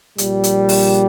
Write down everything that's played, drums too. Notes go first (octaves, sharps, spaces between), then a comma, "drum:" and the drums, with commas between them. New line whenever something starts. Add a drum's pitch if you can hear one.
A#1 A#2 G3, drum: hi-hat
drum: hi-hat
drum: open hi-hat